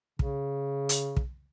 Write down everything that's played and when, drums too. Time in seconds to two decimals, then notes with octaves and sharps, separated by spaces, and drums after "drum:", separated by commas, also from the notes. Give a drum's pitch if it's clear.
0.19 C#3, drum: kick
0.89 drum: hi-hat
1.17 drum: kick